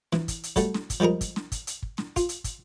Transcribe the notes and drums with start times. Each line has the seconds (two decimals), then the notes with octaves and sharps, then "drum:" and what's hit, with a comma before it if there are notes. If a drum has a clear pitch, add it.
0.13 E3, drum: snare
0.28 drum: kick, hi-hat
0.43 drum: hi-hat
0.56 F#3 G3 A3, drum: kick, hi-hat
0.74 drum: snare
0.90 drum: kick, hi-hat
1.00 F3 G3 G#3 G#4 A#4
1.21 drum: kick, hi-hat
1.36 drum: snare
1.52 drum: kick, hi-hat
1.67 drum: hi-hat
1.83 drum: kick
1.98 drum: snare
2.16 F4, drum: kick, hi-hat
2.29 drum: hi-hat
2.44 drum: kick, hi-hat